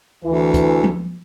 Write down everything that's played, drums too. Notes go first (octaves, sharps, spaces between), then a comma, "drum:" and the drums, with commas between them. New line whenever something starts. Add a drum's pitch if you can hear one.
D2 E3
drum: kick, hi-hat
drum: tom F3